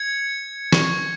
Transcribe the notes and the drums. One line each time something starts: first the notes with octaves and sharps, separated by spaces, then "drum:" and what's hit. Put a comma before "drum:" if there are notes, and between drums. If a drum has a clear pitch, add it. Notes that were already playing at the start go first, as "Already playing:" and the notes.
Already playing: G#6 C#7
C#6, drum: snare